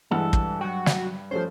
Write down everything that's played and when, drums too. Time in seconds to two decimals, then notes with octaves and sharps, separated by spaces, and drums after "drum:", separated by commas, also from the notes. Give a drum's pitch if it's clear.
0.11 G2 E3 G#3 A4 F#5
0.33 drum: kick
0.61 F#3 F#4 G5
0.86 drum: snare
1.31 F3 A3 C#4 C5